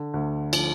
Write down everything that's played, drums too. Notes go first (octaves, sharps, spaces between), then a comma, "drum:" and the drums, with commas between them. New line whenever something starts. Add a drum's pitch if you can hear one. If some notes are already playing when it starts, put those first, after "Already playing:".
Already playing: D3
D2
F3, drum: cymbal